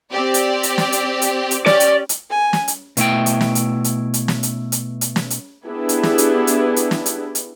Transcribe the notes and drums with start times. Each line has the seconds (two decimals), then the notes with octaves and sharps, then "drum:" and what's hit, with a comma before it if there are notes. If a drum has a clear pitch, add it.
0.11 C4 G4 D5
0.34 drum: hi-hat
0.63 drum: hi-hat
0.78 drum: snare
0.92 drum: hi-hat
1.22 drum: hi-hat
1.51 drum: hi-hat
1.66 C#4 G4 D5, drum: snare
1.80 drum: hi-hat
2.09 drum: hi-hat
2.30 G#5
2.53 drum: snare
2.68 drum: hi-hat
2.97 B2 A3 E4 G5, drum: hi-hat
3.26 drum: hi-hat
3.41 drum: snare
3.55 drum: hi-hat
3.84 drum: hi-hat
4.14 drum: hi-hat
4.28 drum: snare
4.43 drum: hi-hat
4.72 drum: hi-hat
5.01 drum: hi-hat
5.16 drum: snare
5.30 drum: hi-hat
5.65 B3 D4 E4 G4 G#4 B4
5.89 drum: hi-hat
6.03 drum: snare
6.18 drum: hi-hat
6.47 drum: hi-hat
6.76 drum: hi-hat
6.91 drum: snare
7.06 drum: hi-hat
7.35 drum: hi-hat